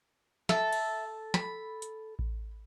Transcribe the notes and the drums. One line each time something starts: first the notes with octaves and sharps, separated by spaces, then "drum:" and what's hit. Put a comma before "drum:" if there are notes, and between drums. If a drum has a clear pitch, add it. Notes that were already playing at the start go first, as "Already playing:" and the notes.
A4 E5, drum: snare
drum: cymbal
B5, drum: snare
drum: hi-hat
drum: kick A1